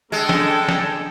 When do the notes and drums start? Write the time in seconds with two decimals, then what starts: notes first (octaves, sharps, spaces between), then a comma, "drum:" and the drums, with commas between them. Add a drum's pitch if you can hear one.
0.12 D3 G#3 A4 D#5 G5
0.29 drum: snare
0.68 drum: snare